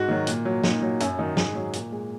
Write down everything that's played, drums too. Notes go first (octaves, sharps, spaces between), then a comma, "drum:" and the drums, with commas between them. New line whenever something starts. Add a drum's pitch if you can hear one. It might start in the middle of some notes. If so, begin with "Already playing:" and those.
Already playing: G#2 F#4
D#3 F#3
A#2, drum: hi-hat
F#3
A#2 D#4, drum: snare
F#3
F#2 C#4, drum: hi-hat
D#3 F#3 D#4
G#2 G#4, drum: snare
F#3
A#2, drum: hi-hat
G#3